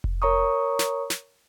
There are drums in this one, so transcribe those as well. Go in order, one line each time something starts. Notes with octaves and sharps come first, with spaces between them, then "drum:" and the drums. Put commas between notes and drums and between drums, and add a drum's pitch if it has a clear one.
drum: kick F1
A#4 C#5 A#5 C#6 D#6
drum: snare
drum: snare